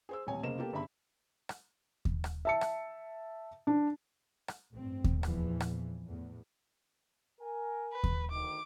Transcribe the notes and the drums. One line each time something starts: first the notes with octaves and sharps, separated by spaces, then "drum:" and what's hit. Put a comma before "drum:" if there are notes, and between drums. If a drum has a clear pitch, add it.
G#4 C5 E6
D#1 A1 C4 C#5 G#5
F1 C#3 A#3 C5 D#5 E7
A#3 B3 G4 A4
G1 G2 C#3 E5 B5
drum: rim click
drum: kick D#2
drum: rim click
E5 A5 C#7
drum: rim click
D4
drum: rim click
A1 G2 C4
drum: kick D#2
E2 A#2 E3 F3, drum: rim click
drum: rim click
E2 A2
A#4 G#5
B4
drum: kick D#2
D2 D#3 D6